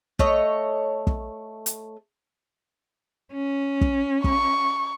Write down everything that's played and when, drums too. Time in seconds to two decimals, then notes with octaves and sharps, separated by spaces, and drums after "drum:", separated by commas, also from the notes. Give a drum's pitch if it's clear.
0.19 A3 C#5 D#5, drum: kick
1.07 drum: kick
1.66 drum: hi-hat
3.33 C#4
3.81 drum: kick
4.24 C#6, drum: kick